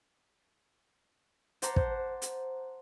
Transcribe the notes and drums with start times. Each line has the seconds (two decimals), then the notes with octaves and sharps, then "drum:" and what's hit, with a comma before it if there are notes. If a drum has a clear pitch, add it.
1.62 C5 F#5 A5 A#5 C6 D6, drum: hi-hat
1.76 C5, drum: kick
2.22 drum: hi-hat